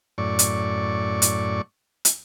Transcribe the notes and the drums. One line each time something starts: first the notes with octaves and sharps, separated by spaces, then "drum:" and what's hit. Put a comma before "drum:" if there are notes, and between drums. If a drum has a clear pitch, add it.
F#2 A2 D5 C#6
drum: hi-hat
drum: hi-hat
drum: hi-hat